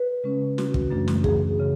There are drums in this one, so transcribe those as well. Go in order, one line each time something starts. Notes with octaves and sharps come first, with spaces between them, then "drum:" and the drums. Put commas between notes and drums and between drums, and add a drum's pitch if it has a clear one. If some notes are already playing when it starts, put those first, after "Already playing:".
Already playing: B4
C#3 G#3 C#4
F#4, drum: snare
drum: kick
F#2 C#3 E3 A3 D4
drum: snare
G#4, drum: kick
C#3